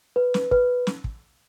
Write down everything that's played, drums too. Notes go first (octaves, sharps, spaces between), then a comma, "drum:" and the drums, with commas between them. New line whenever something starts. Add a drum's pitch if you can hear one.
B4
drum: snare
B4, drum: kick
drum: snare
drum: kick